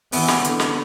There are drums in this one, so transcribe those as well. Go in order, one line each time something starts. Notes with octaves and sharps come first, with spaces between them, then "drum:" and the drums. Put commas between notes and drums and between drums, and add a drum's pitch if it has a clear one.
E3 B3, drum: open hi-hat
drum: snare
D3, drum: hi-hat
drum: snare